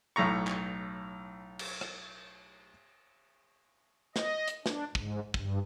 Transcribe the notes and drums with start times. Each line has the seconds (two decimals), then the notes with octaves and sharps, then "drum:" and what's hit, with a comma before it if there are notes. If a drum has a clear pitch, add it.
0.16 B1 A2 A#5 C#6
0.47 drum: clap
1.59 drum: cymbal
1.81 drum: rim click
4.16 D#5, drum: snare
4.48 drum: hi-hat
4.66 D4, drum: snare
4.95 G#2, drum: kick
5.34 G2, drum: kick